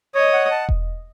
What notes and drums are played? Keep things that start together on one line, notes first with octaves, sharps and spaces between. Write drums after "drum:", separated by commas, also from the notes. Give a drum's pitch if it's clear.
C#5 D#5
F#5
A5
drum: kick E1